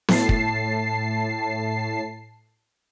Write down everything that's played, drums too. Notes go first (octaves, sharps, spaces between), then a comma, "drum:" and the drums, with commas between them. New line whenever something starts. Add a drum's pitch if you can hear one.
A2 A5 C7, drum: snare B3
drum: kick